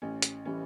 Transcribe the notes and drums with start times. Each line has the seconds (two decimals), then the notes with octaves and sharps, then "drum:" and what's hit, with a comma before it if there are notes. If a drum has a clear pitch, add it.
0.02 A1 C#4
0.22 drum: hi-hat
0.45 E3 G3 C#4